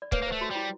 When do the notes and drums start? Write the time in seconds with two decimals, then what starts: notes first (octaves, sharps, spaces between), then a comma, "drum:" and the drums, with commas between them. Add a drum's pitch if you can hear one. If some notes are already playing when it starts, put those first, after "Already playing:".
0.02 D5
0.12 A#3 B4 C#5, drum: kick
0.22 A#3
0.27 C5
0.32 A3
0.41 F#4
0.51 G3 E4